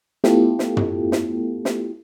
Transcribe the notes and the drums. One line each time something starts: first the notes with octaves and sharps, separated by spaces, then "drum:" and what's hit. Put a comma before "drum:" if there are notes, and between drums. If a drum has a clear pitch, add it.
A3 B3 E4 F4 G4 A4, drum: snare
drum: snare
drum: tom
drum: snare
drum: snare